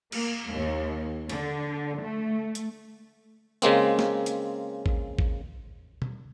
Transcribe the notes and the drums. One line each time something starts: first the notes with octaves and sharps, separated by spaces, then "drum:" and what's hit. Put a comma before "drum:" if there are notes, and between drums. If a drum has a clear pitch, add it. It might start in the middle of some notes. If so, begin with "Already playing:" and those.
A#3, drum: cymbal
D#2
D3, drum: cymbal
A3
drum: hi-hat
C#3 G#3 A#3 C4, drum: hi-hat
drum: snare
drum: hi-hat
drum: kick A1
drum: kick A1
drum: tom